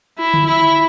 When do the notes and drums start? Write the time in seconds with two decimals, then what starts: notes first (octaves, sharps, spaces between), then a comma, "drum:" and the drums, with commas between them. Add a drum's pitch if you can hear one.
0.18 E4
0.34 drum: tom D3
0.47 E4